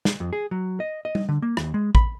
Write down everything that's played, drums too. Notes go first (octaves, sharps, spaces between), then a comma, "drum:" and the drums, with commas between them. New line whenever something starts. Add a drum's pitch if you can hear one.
drum: snare
F2
G#4
F#3
D#5
D#5
drum: tom G3
D3
A#3
D#2, drum: rim click
G#3
B5, drum: kick A1